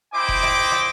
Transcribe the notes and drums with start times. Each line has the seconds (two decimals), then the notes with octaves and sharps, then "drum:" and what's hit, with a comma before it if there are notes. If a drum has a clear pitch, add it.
0.14 E4 C5 D#5 G5 D6
0.29 drum: kick F1
0.43 drum: rim click
0.72 drum: rim click